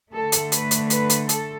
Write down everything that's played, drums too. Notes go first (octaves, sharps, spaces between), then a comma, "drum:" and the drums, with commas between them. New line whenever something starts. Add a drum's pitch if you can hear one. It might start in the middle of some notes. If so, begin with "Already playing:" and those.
D3 A3 A4
drum: hi-hat
B4, drum: hi-hat
drum: hi-hat
B4, drum: hi-hat
drum: hi-hat
A4, drum: hi-hat